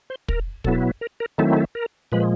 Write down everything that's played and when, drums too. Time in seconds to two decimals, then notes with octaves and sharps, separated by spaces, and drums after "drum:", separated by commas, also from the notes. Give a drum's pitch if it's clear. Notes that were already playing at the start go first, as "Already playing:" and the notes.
0.10 C5
0.28 A#4, drum: kick
0.64 B2 F#3 B3 E4 A4, drum: kick
1.01 A#4
1.20 A#4
1.38 D#3 F#3 A3 C4 E4 A4
1.56 A4
1.75 A#4
2.12 A#2 F3 G#3 B4